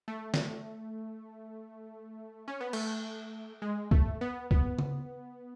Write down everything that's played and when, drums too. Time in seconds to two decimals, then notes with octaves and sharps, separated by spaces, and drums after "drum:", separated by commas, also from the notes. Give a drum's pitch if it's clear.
0.08 A3
0.34 drum: snare
2.48 C#4
2.61 B3
2.73 A3, drum: cymbal
3.62 G#3
3.91 A3, drum: kick
4.21 B3
4.51 B3, drum: kick
4.79 drum: tom C#3